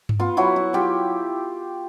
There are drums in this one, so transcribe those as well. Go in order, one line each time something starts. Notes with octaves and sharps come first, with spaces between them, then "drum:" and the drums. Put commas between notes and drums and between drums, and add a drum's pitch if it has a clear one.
drum: tom G2
B3 F4
F#3 E4 F#4
E4
F#3 F4 G4